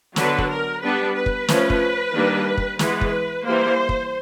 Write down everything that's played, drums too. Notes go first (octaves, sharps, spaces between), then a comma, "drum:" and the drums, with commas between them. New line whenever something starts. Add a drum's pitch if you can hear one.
D3 F#3 B3 D4 B4, drum: snare
drum: kick
A#4
G3 B3 D4 B4
B4
drum: kick
F3 A3 C#4, drum: snare
drum: kick
D#3 G3 A#3 D4
drum: kick
E3 G#3 B3 B4, drum: snare
drum: kick
E3 G3 A#3 C5
drum: kick